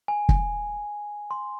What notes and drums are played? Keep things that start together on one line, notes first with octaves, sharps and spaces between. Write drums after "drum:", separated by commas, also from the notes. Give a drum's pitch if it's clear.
G#5
drum: kick
C6